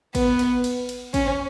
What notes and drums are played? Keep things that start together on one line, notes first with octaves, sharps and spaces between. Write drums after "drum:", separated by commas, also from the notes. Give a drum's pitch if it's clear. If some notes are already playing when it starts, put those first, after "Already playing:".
B3, drum: kick, cymbal
drum: cymbal
drum: cymbal
drum: cymbal
C#4, drum: kick, cymbal